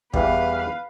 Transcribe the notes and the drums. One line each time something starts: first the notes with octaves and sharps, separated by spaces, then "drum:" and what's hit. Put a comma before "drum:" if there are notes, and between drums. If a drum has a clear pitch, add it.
E2 E3 G3 B4 F5, drum: kick